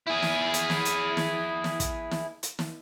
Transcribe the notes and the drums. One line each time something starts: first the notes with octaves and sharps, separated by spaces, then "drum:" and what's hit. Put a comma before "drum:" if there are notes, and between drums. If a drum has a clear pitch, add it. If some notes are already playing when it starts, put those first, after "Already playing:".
E4 G#4
drum: snare
drum: hi-hat
drum: snare
drum: hi-hat
drum: snare
drum: snare
drum: kick, hi-hat
drum: snare
drum: hi-hat
drum: snare